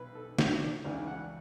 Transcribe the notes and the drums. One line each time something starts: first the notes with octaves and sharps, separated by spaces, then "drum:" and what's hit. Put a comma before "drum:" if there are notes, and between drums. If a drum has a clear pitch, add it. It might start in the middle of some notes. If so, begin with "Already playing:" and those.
Already playing: B1 B4
A4
F#4, drum: snare
D5
C#2 C#3 E3 D5
F#5